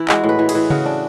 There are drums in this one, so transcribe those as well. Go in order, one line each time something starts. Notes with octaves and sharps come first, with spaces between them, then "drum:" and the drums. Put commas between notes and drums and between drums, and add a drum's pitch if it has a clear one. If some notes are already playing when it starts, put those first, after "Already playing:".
Already playing: E3 E4 B4
G#3 F#4, drum: clap
A2
B4
E3
G#4, drum: cymbal
E3
C#3 F#4, drum: tom C#3
D4